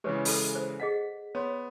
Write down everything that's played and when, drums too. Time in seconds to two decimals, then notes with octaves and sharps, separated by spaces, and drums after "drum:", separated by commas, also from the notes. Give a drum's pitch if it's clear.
0.04 C#3 E3 G#3 G4 B4 C#5
0.25 A4 B5, drum: open hi-hat
0.55 C5
0.80 G#4 D#5 F#5 B6
1.35 B3 C#5 C6